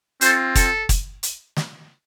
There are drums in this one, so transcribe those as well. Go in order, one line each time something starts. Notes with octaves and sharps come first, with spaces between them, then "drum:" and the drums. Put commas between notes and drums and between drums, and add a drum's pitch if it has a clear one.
C4 F4 A4 C5, drum: hi-hat
A4, drum: kick, hi-hat
drum: kick, hi-hat
drum: hi-hat
drum: snare